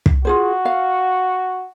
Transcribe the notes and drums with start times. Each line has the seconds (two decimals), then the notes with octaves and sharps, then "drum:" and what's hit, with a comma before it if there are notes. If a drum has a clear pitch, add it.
0.06 drum: kick
0.25 F4 F#4 G#4 C5
0.65 F5